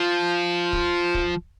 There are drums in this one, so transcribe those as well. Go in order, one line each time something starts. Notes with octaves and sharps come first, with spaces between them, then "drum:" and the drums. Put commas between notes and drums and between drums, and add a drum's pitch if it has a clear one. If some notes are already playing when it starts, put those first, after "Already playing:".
Already playing: F3
drum: kick
drum: kick